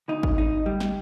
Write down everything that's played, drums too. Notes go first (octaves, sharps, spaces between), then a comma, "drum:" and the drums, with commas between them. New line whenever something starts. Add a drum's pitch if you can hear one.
D2 D3 D#4
drum: kick G#1
D#4
G3
drum: snare